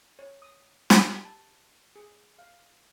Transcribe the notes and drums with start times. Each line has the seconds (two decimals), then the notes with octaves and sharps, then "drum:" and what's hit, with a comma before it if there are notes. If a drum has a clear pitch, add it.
0.19 C#5
0.42 D#6
0.90 drum: snare
1.00 G4
1.25 A5
1.96 G#4
2.39 F5